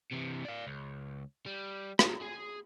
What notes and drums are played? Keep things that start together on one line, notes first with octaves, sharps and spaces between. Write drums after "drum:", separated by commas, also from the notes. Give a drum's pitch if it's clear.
C3 E3
D5 F5
C#2
G3
G#4 A#4, drum: rim click
G#4